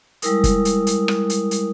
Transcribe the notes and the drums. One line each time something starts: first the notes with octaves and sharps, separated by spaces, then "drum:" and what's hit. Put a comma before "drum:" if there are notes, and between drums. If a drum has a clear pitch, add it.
G3 G#3 E4 A#4 D#6, drum: hi-hat
drum: kick, hi-hat
drum: hi-hat
drum: hi-hat
drum: rim click
drum: hi-hat
drum: hi-hat